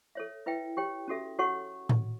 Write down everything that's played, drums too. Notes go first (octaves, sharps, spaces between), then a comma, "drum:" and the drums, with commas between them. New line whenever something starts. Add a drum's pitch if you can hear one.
A4 C#5 E5
E4 B4 E5 G5
G4 C#5 G5
C#4 F#4 A4 E5
F#4 A4 C#5 F#5 C#6
drum: tom A2